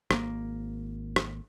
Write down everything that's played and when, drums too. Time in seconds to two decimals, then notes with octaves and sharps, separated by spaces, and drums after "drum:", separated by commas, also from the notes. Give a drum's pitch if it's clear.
0.11 G#1 A#3, drum: rim click
1.16 drum: rim click